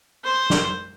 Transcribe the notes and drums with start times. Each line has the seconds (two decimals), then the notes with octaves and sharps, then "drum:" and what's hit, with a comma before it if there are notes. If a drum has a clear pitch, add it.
0.25 C5
0.50 drum: snare